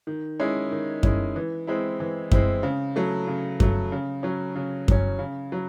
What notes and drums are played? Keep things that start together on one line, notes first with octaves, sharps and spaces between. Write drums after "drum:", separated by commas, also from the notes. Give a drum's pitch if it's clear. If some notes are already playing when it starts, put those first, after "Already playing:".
D#3
G#3 C#4 E4
D#3
G#3 C#4 E4, drum: kick F#2
E3
G#3 C4 E4
E3
G#3 C4 E4, drum: kick F#2
C#3
F#3 A3
C#3
F#3 A3, drum: kick F#2
C#3
F#3 C#4
C#3
F#3 C#4, drum: kick F#2
C#3
F#3